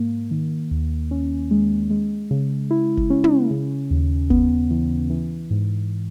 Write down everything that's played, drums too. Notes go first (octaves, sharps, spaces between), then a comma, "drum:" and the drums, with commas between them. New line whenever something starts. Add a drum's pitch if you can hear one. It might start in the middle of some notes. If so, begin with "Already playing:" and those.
Already playing: G#2 A#3
D#3
D#2
C#4
G#3
G#3
C#3
E4
drum: kick F#1
C#4
drum: tom
C#3
D#2
B3, drum: kick F#1
E3
E3
G#2